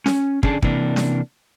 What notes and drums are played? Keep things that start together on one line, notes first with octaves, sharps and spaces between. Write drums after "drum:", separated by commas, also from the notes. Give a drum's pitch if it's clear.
C#4, drum: snare C#4
D3 C#4 D4 G#4 D5 A5, drum: kick
C3 E3 A#3 D4, drum: kick
drum: snare C#4